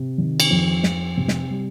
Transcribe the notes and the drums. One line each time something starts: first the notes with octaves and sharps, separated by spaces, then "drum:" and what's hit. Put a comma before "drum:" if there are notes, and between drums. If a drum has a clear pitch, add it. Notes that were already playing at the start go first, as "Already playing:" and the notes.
Already playing: C3
D#3
drum: cymbal
F2
F2, drum: snare
C3
drum: snare
G3